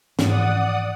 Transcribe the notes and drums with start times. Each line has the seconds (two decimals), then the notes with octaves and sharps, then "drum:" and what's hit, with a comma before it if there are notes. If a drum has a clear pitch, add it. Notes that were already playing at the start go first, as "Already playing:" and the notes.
0.19 G#2 E3 F3 D5 F#5 D#6, drum: snare